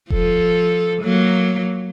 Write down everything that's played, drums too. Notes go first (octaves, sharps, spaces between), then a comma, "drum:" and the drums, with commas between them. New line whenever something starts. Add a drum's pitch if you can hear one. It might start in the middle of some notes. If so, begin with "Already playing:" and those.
F3 A4, drum: kick E1
F#3 A#3